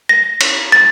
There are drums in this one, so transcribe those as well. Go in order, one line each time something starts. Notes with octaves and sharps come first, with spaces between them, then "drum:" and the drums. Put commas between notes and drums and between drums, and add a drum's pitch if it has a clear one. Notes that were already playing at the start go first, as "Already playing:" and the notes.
A#6
drum: cymbal
A6